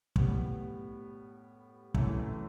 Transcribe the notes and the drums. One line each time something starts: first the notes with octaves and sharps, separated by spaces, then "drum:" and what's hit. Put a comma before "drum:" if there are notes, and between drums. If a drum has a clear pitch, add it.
A2 G3 B3, drum: kick
G1 F#2 E3 A3 E4, drum: kick